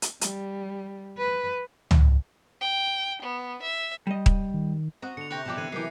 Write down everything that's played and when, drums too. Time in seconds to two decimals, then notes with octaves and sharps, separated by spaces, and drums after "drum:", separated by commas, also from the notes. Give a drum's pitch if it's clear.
0.02 drum: hi-hat
0.21 G3, drum: hi-hat
1.18 B4
1.91 drum: tom C#2
2.61 G5
3.22 B3
3.62 E5
4.07 G3 D#5
4.26 drum: kick D#1
4.54 D#3
5.02 C4 F#4 D#5 A#5
5.17 D3 C#7 F7
5.31 C3 G5 B5 C#6 F#6 A#6
5.45 B2 F3 D4 G4 A4
5.57 D3 E3 G#6 D#7
5.72 E3 F#3 G4 A#4 B4 D#5 D6 C7